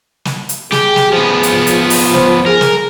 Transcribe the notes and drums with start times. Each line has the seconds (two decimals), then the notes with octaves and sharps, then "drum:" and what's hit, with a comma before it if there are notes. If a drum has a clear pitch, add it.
0.25 drum: snare
0.49 drum: hi-hat
0.72 G4 G#4, drum: snare
0.96 drum: snare
1.13 F3 B3
1.43 drum: hi-hat
1.67 drum: hi-hat
1.90 drum: open hi-hat
2.14 C5, drum: snare
2.46 G#4 A#4
2.61 drum: snare